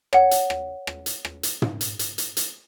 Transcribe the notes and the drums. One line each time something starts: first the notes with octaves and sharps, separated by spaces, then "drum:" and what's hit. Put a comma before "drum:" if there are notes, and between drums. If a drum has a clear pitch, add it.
C#5 F#5, drum: rim click
drum: hi-hat
drum: rim click
drum: rim click
drum: hi-hat
drum: rim click
drum: hi-hat
drum: tom
drum: hi-hat
drum: hi-hat
drum: hi-hat
drum: hi-hat